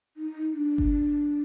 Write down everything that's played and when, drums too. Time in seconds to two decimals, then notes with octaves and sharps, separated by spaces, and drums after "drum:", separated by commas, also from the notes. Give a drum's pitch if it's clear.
0.17 D#4
0.53 D4
0.78 drum: kick G1